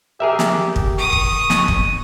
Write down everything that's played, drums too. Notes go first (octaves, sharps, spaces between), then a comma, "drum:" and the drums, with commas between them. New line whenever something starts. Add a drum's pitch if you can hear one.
G4 G#4 A#4 E5
drum: snare
drum: kick
C#6 D#6
drum: kick
drum: snare
drum: kick